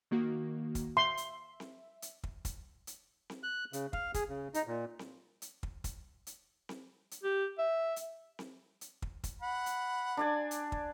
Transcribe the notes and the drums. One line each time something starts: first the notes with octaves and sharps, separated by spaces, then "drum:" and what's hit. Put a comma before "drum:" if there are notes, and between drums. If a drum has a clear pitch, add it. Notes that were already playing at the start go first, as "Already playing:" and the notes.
D#3 A#3 F#4
drum: kick, hi-hat
E5 C6
drum: hi-hat
drum: snare C4
drum: hi-hat
drum: kick
drum: kick, hi-hat
drum: hi-hat
drum: snare C4
F#6
C#3, drum: hi-hat
F5, drum: kick
G#4, drum: kick, hi-hat
C#3
D#4, drum: hi-hat
A#2
drum: snare C4
drum: hi-hat
drum: kick
drum: kick, hi-hat
drum: hi-hat
drum: snare C4
drum: hi-hat
G4
E5
drum: hi-hat
drum: snare C4
drum: hi-hat
drum: kick
drum: kick, hi-hat
F#5 B5
drum: hi-hat
D4 D5 G#5
drum: hi-hat
drum: kick